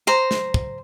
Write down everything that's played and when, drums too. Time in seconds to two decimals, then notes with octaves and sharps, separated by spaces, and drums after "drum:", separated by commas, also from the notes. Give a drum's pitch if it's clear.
0.07 C5 A#5
0.31 drum: snare
0.54 drum: kick